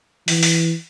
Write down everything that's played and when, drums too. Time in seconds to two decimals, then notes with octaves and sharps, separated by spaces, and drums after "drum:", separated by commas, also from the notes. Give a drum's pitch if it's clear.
0.28 E3, drum: open hi-hat
0.43 drum: open hi-hat